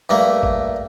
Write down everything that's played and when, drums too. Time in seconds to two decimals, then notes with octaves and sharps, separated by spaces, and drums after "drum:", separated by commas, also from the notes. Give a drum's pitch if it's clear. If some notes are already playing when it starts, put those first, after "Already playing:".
0.09 G2 A3 A#3
0.43 drum: kick